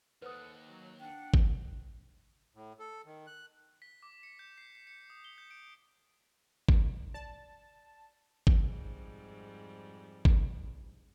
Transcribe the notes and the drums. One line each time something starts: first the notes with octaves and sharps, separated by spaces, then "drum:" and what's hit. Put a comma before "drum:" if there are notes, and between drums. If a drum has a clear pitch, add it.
D#2 A4 B4 C5 F#5 D#6
F#3 F#4
D4 F#5 G5
drum: kick G#1
A2
A4
D#3
F#6
B6
D6
C#7
G6
C7
C7
C#7
D#6
G7
G6
D7
drum: kick G#1
D5 A5
drum: kick G#1
F2 G#2 G3
drum: kick G#1